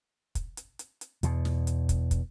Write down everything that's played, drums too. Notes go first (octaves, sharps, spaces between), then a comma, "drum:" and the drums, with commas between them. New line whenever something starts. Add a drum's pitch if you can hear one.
drum: kick, hi-hat
drum: hi-hat
drum: hi-hat
drum: hi-hat
E2 B2, drum: hi-hat
drum: snare
drum: hi-hat
drum: kick, hi-hat
drum: kick, hi-hat